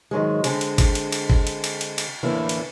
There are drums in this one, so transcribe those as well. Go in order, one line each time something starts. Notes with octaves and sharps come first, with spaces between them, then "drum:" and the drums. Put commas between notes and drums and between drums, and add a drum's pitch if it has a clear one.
G#2 D#3 F#3 G#3
D3 G#3 C4, drum: cymbal
drum: cymbal
drum: kick G1, cymbal
drum: cymbal
drum: cymbal
drum: kick G1
drum: cymbal
drum: cymbal
drum: cymbal
drum: cymbal
E2 A2 D3 E3 A#3 E4
drum: cymbal